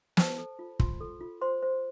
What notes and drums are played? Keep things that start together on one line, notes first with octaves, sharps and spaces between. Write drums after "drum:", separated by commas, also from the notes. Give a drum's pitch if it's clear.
C5 A5, drum: snare
A4
F4
F4 C6, drum: kick
A4
F4
C5 C6
C5